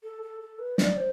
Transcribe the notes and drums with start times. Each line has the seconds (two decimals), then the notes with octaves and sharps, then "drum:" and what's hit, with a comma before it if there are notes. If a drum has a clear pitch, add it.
0.03 A4
0.23 A4
0.41 A4
0.59 B4
0.78 D5, drum: snare
0.97 C5